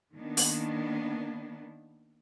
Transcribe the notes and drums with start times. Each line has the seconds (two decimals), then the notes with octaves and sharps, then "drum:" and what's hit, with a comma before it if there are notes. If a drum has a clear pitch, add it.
0.16 D#3 A#3 B3 D4
0.37 drum: open hi-hat